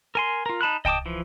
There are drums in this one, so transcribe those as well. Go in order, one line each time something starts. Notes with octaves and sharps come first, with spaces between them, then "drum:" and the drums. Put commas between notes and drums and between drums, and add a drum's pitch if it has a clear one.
A#4 G#5 C6
F4 A#4
D#4 A5 B5 F#6
D#5 G5 A5 D6 D#6, drum: kick C2
E3 F3